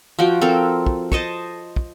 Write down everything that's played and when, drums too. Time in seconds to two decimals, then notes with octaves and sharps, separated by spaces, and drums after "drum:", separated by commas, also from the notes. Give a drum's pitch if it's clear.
0.19 F3 F#4 G5
0.41 C4 A4 A#4
0.86 drum: kick
1.12 C5 D#5 A5 C#6, drum: kick
1.76 drum: kick